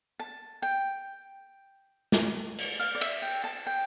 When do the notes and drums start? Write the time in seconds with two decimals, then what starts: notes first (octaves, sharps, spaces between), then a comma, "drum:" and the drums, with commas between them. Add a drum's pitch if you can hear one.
0.20 A5
0.62 G5
2.12 drum: snare
2.58 drum: cymbal
2.79 F5
2.95 D5
3.01 E5, drum: cymbal
3.22 G5
3.44 A5
3.67 G5